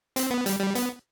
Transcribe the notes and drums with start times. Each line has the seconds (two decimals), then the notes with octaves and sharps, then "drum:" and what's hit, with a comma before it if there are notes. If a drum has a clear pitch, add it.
0.16 C4, drum: hi-hat
0.31 B3
0.46 G3, drum: hi-hat
0.60 G3
0.75 B3, drum: hi-hat